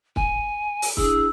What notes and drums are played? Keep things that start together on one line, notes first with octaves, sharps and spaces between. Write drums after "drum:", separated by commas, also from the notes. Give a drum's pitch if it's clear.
G#5, drum: kick
drum: open hi-hat
D4 E4 G#4 E6, drum: kick